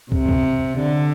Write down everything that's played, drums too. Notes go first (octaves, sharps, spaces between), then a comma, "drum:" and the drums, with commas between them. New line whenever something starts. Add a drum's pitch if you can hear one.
C3, drum: kick
drum: kick
D3